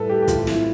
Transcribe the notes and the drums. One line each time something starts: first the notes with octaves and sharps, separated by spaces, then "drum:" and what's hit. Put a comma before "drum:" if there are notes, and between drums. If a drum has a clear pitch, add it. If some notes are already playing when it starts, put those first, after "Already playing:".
Already playing: A2 G3 A4 B4
G4
G4
A2 F3 F4, drum: kick, hi-hat
E4, drum: snare